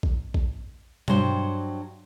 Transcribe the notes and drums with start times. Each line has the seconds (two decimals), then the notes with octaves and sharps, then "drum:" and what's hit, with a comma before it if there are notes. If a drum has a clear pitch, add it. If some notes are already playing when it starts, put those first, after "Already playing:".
0.03 drum: kick A#1
0.34 drum: kick A#1
1.08 G2 F#3 C5 G5, drum: tom B2